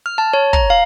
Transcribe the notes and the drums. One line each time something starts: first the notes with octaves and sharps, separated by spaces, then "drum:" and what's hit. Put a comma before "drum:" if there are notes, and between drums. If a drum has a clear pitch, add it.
F6
A5
C#5
A#5, drum: kick
F5